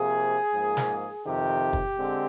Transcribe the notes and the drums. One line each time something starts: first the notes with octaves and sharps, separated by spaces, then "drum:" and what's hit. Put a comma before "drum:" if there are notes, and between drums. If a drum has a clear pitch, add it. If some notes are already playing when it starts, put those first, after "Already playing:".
Already playing: C3 F3 A#3 G#4
G#2 F3 A#3
drum: snare
F2 C3 D#3 G4
drum: kick
D3 G#3 C4